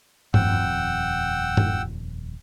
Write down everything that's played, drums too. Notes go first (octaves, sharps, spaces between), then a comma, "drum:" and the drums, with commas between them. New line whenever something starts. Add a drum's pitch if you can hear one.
D#1 F2 F#5 G5 E6, drum: tom G2
drum: tom G2